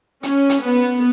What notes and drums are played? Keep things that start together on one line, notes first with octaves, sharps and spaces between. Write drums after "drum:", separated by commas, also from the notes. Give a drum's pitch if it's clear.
C#4, drum: hi-hat
drum: hi-hat
B3